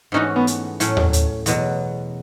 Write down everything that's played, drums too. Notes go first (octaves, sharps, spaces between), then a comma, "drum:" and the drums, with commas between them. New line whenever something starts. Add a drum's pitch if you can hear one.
G#2 E3 A3 C#4 D#4 F#4
B3
drum: hi-hat
A2 F#3 A3 C#4, drum: hi-hat
drum: tom D#2
drum: hi-hat
E2 B2 F#3, drum: hi-hat